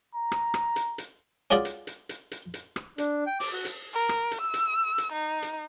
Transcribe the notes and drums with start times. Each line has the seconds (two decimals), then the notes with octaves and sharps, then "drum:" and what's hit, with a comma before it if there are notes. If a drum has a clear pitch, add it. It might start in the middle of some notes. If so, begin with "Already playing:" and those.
0.15 A#5
0.32 drum: rim click
0.54 drum: rim click
0.76 drum: hi-hat
0.98 drum: hi-hat
1.51 C#4 F4 F#4 G#4 D5
1.65 drum: hi-hat
1.87 drum: hi-hat
2.09 drum: hi-hat
2.31 drum: hi-hat
2.54 drum: hi-hat
2.76 drum: rim click
2.98 D4, drum: hi-hat
3.27 G5
3.40 D6, drum: open hi-hat
3.53 F#4
3.65 drum: hi-hat
3.94 A#4
4.09 drum: rim click
4.31 drum: hi-hat
4.42 E6
4.54 drum: hi-hat
4.98 drum: hi-hat
5.12 D#4
5.43 drum: hi-hat